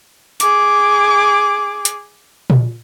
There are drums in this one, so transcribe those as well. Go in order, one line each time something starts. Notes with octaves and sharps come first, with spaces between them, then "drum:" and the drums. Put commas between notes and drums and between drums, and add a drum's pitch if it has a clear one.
G#4 D6, drum: hi-hat
drum: hi-hat
drum: tom A#2